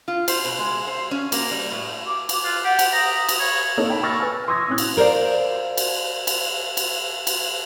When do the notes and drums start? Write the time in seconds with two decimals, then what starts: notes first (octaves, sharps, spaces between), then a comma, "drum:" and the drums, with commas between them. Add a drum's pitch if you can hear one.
0.08 F4
0.28 C5, drum: cymbal
0.45 B2
0.59 G#3
0.87 C5
1.11 C#4
1.32 A#3, drum: cymbal
1.51 G3
1.71 A2
2.06 D6
2.29 drum: cymbal
2.44 F4 F#6
2.64 G4 F#5
2.79 drum: cymbal
2.93 A#5 D#6
3.29 drum: cymbal
3.40 C#5 B5
3.77 A#3 D#4 A4 C#5
3.90 G5 A5 B5
4.03 B5 C#6 E6 F6 A6 A#6
4.20 B4 G#5
4.48 C6 C#6 D#6 E6 G#6 A#6
4.68 A2 C#4 F#6
4.78 drum: cymbal
4.97 A#4 C5 D5 F5
5.78 drum: cymbal
6.27 drum: cymbal
6.77 drum: cymbal
7.27 drum: cymbal